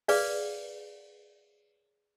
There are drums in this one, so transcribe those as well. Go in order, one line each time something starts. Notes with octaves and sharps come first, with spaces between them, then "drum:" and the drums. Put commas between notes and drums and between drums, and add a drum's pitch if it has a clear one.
G#4 B4 D5 F5, drum: open hi-hat